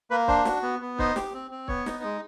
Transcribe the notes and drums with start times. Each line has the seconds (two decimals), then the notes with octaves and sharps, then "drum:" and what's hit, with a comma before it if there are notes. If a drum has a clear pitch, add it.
0.11 A#3 B4
0.28 D4 C5, drum: kick C#1
0.45 F#4, drum: snare
0.63 B3
0.81 B3
0.99 D#4 C5, drum: kick C#1
1.16 G4, drum: snare
1.34 C4
1.51 C4
1.68 B3 C#5, drum: kick C#1
1.86 D#4, drum: snare
2.03 G#3